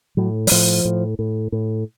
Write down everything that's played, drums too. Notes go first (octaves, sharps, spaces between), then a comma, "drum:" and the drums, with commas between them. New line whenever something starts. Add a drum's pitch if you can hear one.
A2 F#3
F#3, drum: open hi-hat
A2 F3
A2
A2
A2